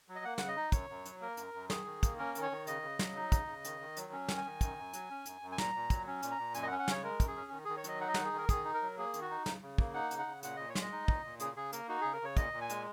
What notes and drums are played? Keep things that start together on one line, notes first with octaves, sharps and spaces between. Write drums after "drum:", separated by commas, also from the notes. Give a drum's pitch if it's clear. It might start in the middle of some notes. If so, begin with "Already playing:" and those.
F#3
D#5
A#3 F#5
C#3 F#5, drum: snare
D#5
D#4
F#2 C#5, drum: kick, hi-hat
F#2
F#3, drum: hi-hat
A#3 A#4
F#2, drum: hi-hat
F#2
D#3 G#4, drum: snare
D#3
A#3, drum: kick, hi-hat
C#4 A#4
D#3, drum: hi-hat
C#5
D#3
C#3 D#5, drum: hi-hat
C#3
F#3, drum: snare
D#4
C#3, drum: kick, hi-hat
C#3
D#3, drum: hi-hat
D#3
F#3, drum: hi-hat
C#4
D#3, drum: snare
G#5
D#3
F#2, drum: kick, hi-hat
F#2
F#3, drum: hi-hat
C#4
F#2, drum: hi-hat
F#2
G#5
A#2 A#5, drum: snare
A#2
F#3, drum: kick, hi-hat
C#4
A#2, drum: hi-hat
A#5
A#2
F#2 G#5, drum: hi-hat
D#5
F#5
C#4
F#5
C#3 C#5, drum: snare
G#3 A#4
F#2, drum: kick, hi-hat
G#4
C#4
D#3
D#3 G#4
C#5
F#3 D#5, drum: hi-hat
D#4 F#5
D#5
D#3 F#5, drum: snare
G#4
D#3 A#4
D#3 G#4, drum: kick, hi-hat
D#4
A#4
F#3
A#3 G#4
D#3, drum: hi-hat
F#4
D#4
C#3, drum: snare
C#3
A#3, drum: kick
D#4 F#5
C#3, drum: hi-hat
F#5
C#3
A#2 F#5, drum: hi-hat
A#2 D#5
C#5
G#3, drum: snare
D#5
D#4
A#2, drum: kick
A#2
C#3 G#4, drum: hi-hat
C#3 G#4
A#3 A#4, drum: hi-hat
D#4 F#4
C#3 G#4
A#4
C#3 C#5
A#2 D#5, drum: kick, hi-hat
A#2
G#5
G#3, drum: hi-hat